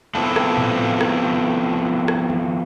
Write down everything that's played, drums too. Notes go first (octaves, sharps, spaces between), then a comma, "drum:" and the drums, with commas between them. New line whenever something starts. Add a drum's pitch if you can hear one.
F3 B3 C4 D4 E4 A4
drum: rim click
drum: tom A2
drum: rim click
drum: rim click
drum: tom D#3